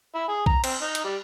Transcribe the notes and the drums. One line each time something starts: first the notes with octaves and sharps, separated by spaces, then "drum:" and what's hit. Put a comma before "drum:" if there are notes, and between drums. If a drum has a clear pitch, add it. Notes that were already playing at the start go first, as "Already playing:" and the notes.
E4
G#4
A#5, drum: kick
C4, drum: cymbal
D#4
drum: hi-hat
G3